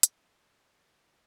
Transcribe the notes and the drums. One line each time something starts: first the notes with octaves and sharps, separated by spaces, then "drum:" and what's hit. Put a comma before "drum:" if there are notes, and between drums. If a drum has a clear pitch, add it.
drum: hi-hat
A5
F#2 F5
F#3 G#3 G4 A#5 C6
D5 G#5
F3 A3 D#4 F4 F#4 B4